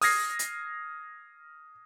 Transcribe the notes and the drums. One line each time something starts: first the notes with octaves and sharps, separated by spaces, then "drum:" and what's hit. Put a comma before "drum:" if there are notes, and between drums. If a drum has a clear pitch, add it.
D#6 F6 G#6 A#6 C7, drum: open hi-hat
drum: hi-hat